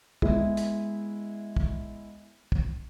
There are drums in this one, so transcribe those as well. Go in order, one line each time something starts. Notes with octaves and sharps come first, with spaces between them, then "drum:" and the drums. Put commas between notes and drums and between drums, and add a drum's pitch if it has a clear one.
G#3 B3 E4, drum: kick
drum: hi-hat
drum: kick
drum: kick